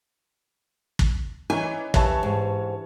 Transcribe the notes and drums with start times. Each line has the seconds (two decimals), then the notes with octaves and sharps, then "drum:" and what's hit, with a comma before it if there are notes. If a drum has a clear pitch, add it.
0.99 drum: kick
1.50 E3 C#4 D#4 G#5
1.94 G2 E3 C#5 A5, drum: kick
2.23 G#2